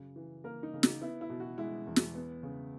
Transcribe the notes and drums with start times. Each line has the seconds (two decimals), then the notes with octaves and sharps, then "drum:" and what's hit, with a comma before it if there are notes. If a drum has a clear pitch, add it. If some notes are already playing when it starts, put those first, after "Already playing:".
Already playing: F#2 C#3
0.16 E3
0.44 A#3 A#4
0.63 D#4
0.73 C#3
0.83 D#4, drum: snare
1.01 B3 E4
1.21 E4
1.30 B2
1.40 F#4
1.58 G#3 E4
1.87 E2
1.96 drum: snare
2.15 B3
2.43 C#3